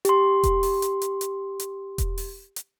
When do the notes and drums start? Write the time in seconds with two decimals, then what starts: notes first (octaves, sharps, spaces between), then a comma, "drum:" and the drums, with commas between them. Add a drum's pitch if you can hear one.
0.05 G4 C6, drum: hi-hat
0.43 drum: kick E1, hi-hat
0.63 drum: open hi-hat
0.82 drum: hi-hat
1.02 drum: hi-hat
1.21 drum: hi-hat
1.60 drum: hi-hat
1.98 drum: kick E1, hi-hat
2.18 drum: open hi-hat
2.56 drum: hi-hat